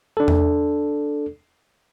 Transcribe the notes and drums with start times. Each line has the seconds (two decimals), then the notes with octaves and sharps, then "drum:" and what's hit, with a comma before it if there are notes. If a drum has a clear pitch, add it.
0.17 D4 A4
0.28 drum: tom E2